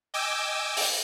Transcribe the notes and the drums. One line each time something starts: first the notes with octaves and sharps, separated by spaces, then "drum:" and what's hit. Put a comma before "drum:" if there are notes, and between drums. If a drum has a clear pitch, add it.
D#5 G5 G#5 D6 E6
drum: open hi-hat